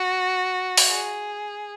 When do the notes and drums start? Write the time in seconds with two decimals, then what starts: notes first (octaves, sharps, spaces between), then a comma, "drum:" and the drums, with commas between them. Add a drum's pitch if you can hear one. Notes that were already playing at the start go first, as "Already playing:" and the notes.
Already playing: F#4
0.77 drum: open hi-hat
0.88 G#4